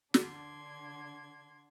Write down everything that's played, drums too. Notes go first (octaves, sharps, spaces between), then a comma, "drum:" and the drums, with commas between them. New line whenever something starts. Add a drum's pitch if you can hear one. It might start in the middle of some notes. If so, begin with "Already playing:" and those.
D3 D4 C6 G#6, drum: snare